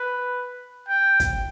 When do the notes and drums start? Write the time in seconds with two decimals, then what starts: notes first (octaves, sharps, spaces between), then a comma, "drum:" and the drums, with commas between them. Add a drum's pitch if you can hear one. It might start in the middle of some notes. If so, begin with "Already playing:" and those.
Already playing: B4
0.89 G5
1.20 drum: kick, hi-hat